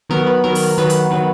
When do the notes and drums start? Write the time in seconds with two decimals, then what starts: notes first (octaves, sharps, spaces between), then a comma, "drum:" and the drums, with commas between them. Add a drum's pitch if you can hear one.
0.09 D#3 F#3 B3 A#4
0.27 B4
0.44 D#3 F#3 B3 A#4
0.55 drum: open hi-hat
0.78 D#3 F#3 B3 B4
0.90 drum: hi-hat
1.11 D#3 F#3 B3 B4